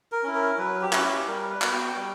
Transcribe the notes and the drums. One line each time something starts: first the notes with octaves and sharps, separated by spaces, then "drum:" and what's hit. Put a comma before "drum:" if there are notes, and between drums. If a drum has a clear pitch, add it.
A#4
C#4 E4
A#4
F#3 B4
G4
C#4 E4 F#4, drum: clap
G4
G3 A#4
B4
B3 F#4, drum: clap
G5
G3